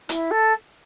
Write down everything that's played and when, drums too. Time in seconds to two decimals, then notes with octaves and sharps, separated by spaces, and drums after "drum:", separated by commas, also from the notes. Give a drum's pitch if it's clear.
0.09 E4, drum: hi-hat
0.31 A4